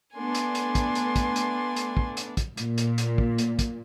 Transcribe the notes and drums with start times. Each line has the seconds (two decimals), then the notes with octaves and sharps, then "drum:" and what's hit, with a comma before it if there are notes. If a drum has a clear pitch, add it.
0.16 A3 B3 D4 G#5 C6
0.35 drum: hi-hat
0.55 drum: hi-hat
0.75 drum: kick, hi-hat
0.95 drum: hi-hat
1.16 drum: kick, hi-hat
1.36 drum: hi-hat
1.76 drum: hi-hat
1.97 drum: kick
2.17 drum: hi-hat
2.37 drum: kick, hi-hat
2.57 A#2, drum: hi-hat
2.78 drum: hi-hat
2.98 drum: hi-hat
3.18 drum: kick
3.38 drum: hi-hat
3.59 drum: kick, hi-hat